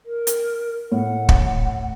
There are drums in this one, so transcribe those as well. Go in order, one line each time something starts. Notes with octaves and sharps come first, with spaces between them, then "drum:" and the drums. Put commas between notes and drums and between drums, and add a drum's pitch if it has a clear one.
A#4
drum: hi-hat
A2 F#5
drum: kick